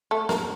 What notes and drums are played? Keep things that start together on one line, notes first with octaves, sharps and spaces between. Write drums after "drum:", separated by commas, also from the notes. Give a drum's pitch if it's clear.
A3
A#3, drum: snare